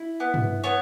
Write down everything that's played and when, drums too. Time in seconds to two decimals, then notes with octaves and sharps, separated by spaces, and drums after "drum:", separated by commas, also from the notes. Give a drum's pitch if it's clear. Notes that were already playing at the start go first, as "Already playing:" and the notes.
Already playing: E4
0.20 B3
0.34 drum: tom
0.64 B3 C#5